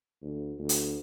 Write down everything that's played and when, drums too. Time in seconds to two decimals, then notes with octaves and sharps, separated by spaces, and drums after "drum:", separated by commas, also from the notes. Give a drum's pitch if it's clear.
0.22 D2
0.59 D2
0.69 drum: hi-hat